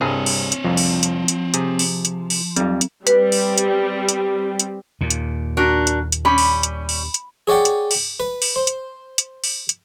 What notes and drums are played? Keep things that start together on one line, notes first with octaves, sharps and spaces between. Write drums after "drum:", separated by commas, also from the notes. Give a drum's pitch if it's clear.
C2 G2 C4 G#4 C#5
drum: open hi-hat
drum: hi-hat
C2 F2 F3
drum: open hi-hat
drum: hi-hat
drum: hi-hat
C3 G#4, drum: hi-hat
drum: open hi-hat
drum: hi-hat
drum: open hi-hat
F2 F#3 G3 C4, drum: hi-hat
drum: hi-hat
G3 C4 B4, drum: hi-hat
drum: open hi-hat
drum: hi-hat
drum: hi-hat
drum: hi-hat
D#2 A#2
drum: hi-hat
D4 F#4 A#4
drum: hi-hat
drum: hi-hat
G3 C#4 B5
drum: open hi-hat
drum: hi-hat
drum: open hi-hat
drum: hi-hat
G#4 C#5 D5 F#5 G5
drum: hi-hat
drum: open hi-hat
B4
drum: open hi-hat
C5
drum: hi-hat
drum: hi-hat
drum: open hi-hat
drum: hi-hat